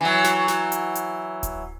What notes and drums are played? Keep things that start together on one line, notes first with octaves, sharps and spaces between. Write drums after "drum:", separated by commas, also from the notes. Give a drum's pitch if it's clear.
E3 F#3
drum: snare
drum: snare
drum: hi-hat
drum: hi-hat
drum: kick D1, hi-hat